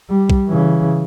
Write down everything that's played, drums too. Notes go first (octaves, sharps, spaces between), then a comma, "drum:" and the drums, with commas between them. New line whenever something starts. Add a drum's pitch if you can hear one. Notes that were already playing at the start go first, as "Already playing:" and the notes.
G3
drum: kick
C#3 E3